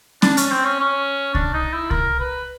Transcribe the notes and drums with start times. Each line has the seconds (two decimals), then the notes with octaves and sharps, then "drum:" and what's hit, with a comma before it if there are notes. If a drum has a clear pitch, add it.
0.22 D4, drum: snare C#4
0.37 C#4, drum: hi-hat
0.51 C4
0.65 C#4
0.79 C#4
1.35 D4, drum: kick C2
1.54 D#4
1.73 E4
1.91 A#4, drum: kick C2
2.20 B4